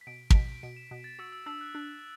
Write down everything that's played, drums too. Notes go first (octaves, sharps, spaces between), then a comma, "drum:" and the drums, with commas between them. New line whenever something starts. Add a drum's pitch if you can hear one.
B6
B2 D7
D7, drum: kick
B2 B6
B2 D7
E7
B2
A6
F#4 E6
E6
D4 E6
F#6
D4 F#6